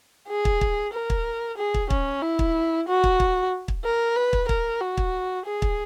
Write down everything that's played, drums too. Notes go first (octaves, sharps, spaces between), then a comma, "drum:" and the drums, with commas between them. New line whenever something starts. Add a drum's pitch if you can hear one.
G#4
drum: kick
drum: kick
A#4
drum: kick
G#4
drum: kick
C#4, drum: kick
E4
drum: kick
F#4
drum: kick
drum: kick
drum: kick
A#4
B4
drum: kick
A#4, drum: kick
F#4
drum: kick
G#4
drum: kick